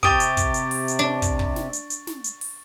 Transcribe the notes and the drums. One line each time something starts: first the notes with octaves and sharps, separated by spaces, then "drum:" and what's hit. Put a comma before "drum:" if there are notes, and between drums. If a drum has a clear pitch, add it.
C3 G4 C#6 D#6 A6 D7, drum: kick
drum: hi-hat
drum: kick, hi-hat
drum: hi-hat
drum: open hi-hat
drum: hi-hat
D4
drum: kick, hi-hat
drum: kick
drum: snare
drum: hi-hat
drum: hi-hat
drum: snare
drum: hi-hat
drum: open hi-hat